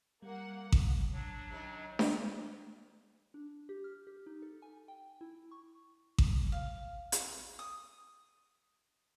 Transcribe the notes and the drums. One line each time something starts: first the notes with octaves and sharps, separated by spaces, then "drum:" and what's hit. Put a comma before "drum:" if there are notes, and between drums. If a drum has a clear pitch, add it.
G3 A#3 F#5
drum: kick A1
F#3 D4
C3 D#3 C#4
drum: snare D4
D4
G4
F6
G4
D#4
A4
G#5
G5
E4
C#6
drum: kick A1
F5
drum: hi-hat
D#6